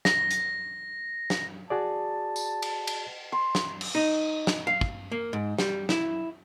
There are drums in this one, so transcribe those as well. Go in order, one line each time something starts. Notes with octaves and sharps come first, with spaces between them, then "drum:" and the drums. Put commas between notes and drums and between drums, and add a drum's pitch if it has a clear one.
A#6, drum: snare
drum: hi-hat
drum: snare
F#4 G#4 D5 A5
drum: tambourine
drum: cymbal
drum: cymbal
C6
drum: snare
drum: cymbal
D#4
drum: snare
F5
drum: kick
A#3
G#2
G3, drum: snare
E4, drum: snare